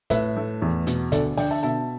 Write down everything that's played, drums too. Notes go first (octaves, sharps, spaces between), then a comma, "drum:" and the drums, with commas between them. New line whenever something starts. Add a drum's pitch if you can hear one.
A2 B4 E5, drum: kick, hi-hat
A3
E2
B2, drum: hi-hat
D2 A4 D5, drum: kick, hi-hat
D3 D5 G5, drum: open hi-hat
E5 A5
B2 E5 A5